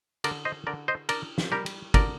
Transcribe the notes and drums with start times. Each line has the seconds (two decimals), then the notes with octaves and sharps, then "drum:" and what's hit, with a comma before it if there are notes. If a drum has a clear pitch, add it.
0.24 D3 A#4 D5, drum: cymbal
0.45 C5 D#5
0.67 D3 A#4 D5
0.88 C5 D#5
1.09 D4 A#4 D5, drum: cymbal
1.38 drum: snare
1.52 G3 G4 A#4
1.66 drum: cymbal
1.94 D3 A#4 D5, drum: kick, cymbal